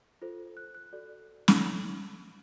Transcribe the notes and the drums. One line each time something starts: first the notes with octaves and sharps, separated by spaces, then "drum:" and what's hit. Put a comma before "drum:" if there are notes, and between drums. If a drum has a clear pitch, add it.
F4 A4 C5
F#6
F#6
F#4 A4 D5
drum: snare